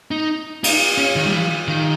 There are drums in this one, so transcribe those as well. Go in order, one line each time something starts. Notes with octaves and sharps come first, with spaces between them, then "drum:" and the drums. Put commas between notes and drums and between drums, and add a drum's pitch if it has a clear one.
D#4
D#4, drum: cymbal
C#4
D#3
G3
E3
D#3